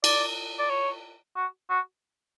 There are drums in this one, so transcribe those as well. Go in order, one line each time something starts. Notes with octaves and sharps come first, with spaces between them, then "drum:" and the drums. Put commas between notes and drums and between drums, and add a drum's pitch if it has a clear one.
D5, drum: cymbal
D5
C#5
F#4
F#4